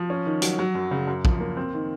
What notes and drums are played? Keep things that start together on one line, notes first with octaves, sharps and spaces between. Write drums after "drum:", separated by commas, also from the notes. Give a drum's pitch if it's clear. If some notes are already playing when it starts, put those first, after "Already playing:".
Already playing: F3
C#4
D#3
F#3, drum: hi-hat
F#3
F#2
C#3
F#2
F3, drum: kick
A#3
C4
D#3